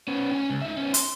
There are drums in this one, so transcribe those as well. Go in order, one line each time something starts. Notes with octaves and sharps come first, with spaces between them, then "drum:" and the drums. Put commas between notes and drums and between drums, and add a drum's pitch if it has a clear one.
B3 C#4
C#4 G#5
C#2
D#4 E5
B3 C#4
C6, drum: hi-hat